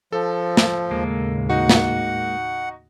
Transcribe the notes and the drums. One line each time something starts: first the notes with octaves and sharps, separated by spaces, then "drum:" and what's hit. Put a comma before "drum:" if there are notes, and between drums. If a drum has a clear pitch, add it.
F3 A4
drum: snare
D#2 A2 C#3 G#3 A#3
D#4 F#4 F#5
drum: snare